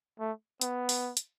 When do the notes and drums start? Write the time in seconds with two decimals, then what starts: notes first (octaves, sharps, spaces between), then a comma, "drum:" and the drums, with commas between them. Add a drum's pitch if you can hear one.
0.20 A3
0.61 B3, drum: hi-hat
0.89 drum: open hi-hat
1.17 drum: hi-hat